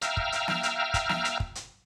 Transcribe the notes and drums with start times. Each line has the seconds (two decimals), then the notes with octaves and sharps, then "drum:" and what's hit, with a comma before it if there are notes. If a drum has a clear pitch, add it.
0.02 E5 F5 G5 A#5 E6 F6, drum: hi-hat
0.17 drum: kick
0.32 drum: hi-hat
0.48 drum: snare
0.63 drum: hi-hat
0.94 drum: kick, hi-hat
1.09 drum: snare
1.25 drum: hi-hat
1.40 drum: kick
1.55 drum: hi-hat